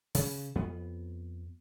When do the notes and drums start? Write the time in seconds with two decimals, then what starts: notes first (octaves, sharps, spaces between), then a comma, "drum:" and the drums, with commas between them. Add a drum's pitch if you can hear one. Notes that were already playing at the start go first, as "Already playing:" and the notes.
0.15 C#3, drum: open hi-hat
0.55 F2 B3